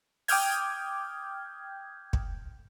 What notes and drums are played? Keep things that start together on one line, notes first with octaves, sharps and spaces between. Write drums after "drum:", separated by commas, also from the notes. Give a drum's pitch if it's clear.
G5 D6 D#6 F6 G6 G#6, drum: open hi-hat
drum: kick